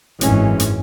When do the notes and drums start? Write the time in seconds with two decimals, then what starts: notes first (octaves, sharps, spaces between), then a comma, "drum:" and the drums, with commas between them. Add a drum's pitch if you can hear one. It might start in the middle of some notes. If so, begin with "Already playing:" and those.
0.21 G#1 F#2 E3 G#3 C#4, drum: hi-hat
0.60 drum: hi-hat